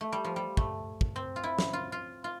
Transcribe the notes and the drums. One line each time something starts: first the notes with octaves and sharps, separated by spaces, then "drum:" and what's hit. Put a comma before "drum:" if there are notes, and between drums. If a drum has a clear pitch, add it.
A3
G3
F3
G3
A3, drum: kick
drum: kick
C4
F4
E4
drum: snare
F4
F4
F4